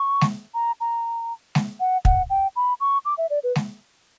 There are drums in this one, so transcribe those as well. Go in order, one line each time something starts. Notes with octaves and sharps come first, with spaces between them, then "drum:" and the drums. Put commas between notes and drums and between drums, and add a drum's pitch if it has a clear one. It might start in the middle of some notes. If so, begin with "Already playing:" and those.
Already playing: C#6
drum: snare G#3
A#5
A#5
drum: snare G#3
F#5
F#5, drum: kick
G5
B5
C#6
D6
E5
D5
B4
drum: snare G#3